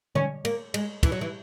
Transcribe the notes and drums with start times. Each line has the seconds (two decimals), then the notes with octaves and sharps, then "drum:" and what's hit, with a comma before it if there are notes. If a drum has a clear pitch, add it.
0.15 C#4, drum: tom D3
0.45 A#3, drum: cymbal
0.74 G#3, drum: cymbal
1.03 E3, drum: kick, cymbal
1.12 F#3
1.21 E3